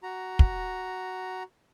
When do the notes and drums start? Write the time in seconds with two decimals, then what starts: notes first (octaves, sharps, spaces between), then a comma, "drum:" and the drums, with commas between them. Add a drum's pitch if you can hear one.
0.03 F#4 A#5
0.39 drum: kick